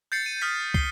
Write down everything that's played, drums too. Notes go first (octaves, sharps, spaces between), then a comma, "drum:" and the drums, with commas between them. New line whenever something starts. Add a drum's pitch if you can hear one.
G6 A6 C7 C#7
D#7
D#6 F6 G6 B6
C7 G7, drum: kick